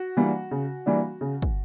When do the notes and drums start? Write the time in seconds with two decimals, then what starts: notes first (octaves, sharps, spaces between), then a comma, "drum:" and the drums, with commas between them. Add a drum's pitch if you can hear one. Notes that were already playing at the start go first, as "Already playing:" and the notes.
Already playing: F#4
0.17 E3 G3 A#3 D4
0.51 C#3
0.86 E3 G3 A#3 D4
1.21 C#3
1.42 drum: kick